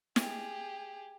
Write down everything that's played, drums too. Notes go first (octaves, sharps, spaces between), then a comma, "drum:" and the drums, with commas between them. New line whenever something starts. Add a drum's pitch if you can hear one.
G4 G#4, drum: snare